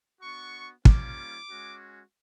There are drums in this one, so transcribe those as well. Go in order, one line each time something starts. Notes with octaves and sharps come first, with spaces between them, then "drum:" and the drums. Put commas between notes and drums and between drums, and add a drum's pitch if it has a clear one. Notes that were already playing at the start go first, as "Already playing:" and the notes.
B3 D4 F#4 C#6
G3 A#3 C#4 F4 D6, drum: kick
G#3 C#4 F#4